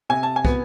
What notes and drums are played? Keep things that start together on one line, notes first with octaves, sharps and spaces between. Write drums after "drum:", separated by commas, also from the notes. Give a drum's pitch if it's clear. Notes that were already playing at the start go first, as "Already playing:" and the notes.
C3 G#5
A5
G#5
B3, drum: kick